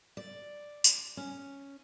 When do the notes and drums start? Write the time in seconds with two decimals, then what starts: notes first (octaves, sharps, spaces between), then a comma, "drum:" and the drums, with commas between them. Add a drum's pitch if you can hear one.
0.17 D5
0.84 drum: tambourine
1.17 C#4